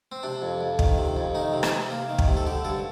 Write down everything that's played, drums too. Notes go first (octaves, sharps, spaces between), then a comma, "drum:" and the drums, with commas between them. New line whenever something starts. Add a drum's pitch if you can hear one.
C4
C3 D4
F2
F2
D#3, drum: kick
C3
F2
D#3 D#4
C3
drum: rim click
C3
A#3
D#3
drum: kick
C3
A4
D3 G4
G2 A4